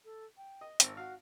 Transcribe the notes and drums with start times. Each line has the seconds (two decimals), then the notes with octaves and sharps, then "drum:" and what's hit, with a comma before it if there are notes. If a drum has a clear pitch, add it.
0.05 A4
0.37 G5
0.61 D#5
0.80 G#1 C4 E6, drum: hi-hat
0.97 F#4 F5